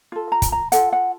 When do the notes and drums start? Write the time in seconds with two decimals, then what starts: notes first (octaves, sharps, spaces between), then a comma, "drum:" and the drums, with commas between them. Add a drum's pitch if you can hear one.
0.12 F4 A4
0.32 A#5
0.42 drum: kick, hi-hat
0.52 A#5
0.72 F4 A4 F#5, drum: hi-hat
0.93 F#5